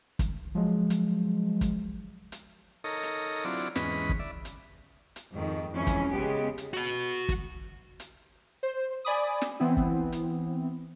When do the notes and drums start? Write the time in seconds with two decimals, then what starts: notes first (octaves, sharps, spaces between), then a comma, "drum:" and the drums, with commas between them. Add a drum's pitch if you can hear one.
0.19 drum: kick, hi-hat
0.55 F3 F#3 G#3
0.90 drum: hi-hat
1.61 drum: kick, hi-hat
2.32 drum: hi-hat
2.84 D#4 A4 A#4 C#5 D#5
3.03 drum: hi-hat
3.45 F#3 C4 D4 E4 F4 D5
3.76 E2 G#2 C#4 B4 D#5 B5, drum: snare
4.09 drum: kick
4.19 D5 E5
4.45 drum: hi-hat
5.16 drum: hi-hat
5.33 F2 G#2 D#3
5.73 F2 G#2 E3 C#4
5.87 drum: kick, hi-hat
6.14 C#3 G#3 B3 G4
6.58 drum: hi-hat
6.74 F#4 B5
7.29 drum: kick, hi-hat
8.00 drum: hi-hat
8.63 C5
9.05 D5 G#5 B5 D6 D#6
9.42 drum: snare
9.60 E3 B3 C4 E4
9.77 drum: kick
10.12 drum: hi-hat